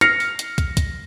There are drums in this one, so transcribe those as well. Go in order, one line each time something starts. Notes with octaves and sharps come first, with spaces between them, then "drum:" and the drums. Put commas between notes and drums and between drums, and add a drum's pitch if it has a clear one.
F6 A#6 C7 C#7 F7, drum: hi-hat
drum: open hi-hat
drum: hi-hat
drum: kick, hi-hat
drum: kick, hi-hat